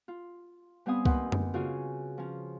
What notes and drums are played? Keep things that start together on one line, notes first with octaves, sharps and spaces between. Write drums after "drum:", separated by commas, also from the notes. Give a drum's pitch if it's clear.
F4
G3 B3 C4 F5 G#5 D#6
D#2 B4 F#5 C6, drum: kick C2
drum: tom F#2
C#3 F4 F#4 G#5
F3 C#4